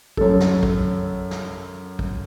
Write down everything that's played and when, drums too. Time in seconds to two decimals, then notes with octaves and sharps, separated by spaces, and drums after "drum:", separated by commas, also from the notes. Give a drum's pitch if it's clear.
0.17 F#2 A4, drum: kick
0.40 drum: snare
0.63 drum: kick
1.31 drum: snare
1.99 drum: kick